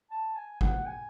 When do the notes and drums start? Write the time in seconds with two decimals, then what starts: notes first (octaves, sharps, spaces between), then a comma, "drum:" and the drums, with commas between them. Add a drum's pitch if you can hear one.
0.11 A5
0.36 G#5
0.61 F#5, drum: kick
0.86 G#5